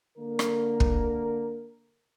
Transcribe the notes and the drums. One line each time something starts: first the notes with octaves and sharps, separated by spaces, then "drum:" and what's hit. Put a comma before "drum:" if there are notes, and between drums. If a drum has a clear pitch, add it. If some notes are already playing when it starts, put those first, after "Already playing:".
D3 A#3 A#4
drum: rim click
drum: kick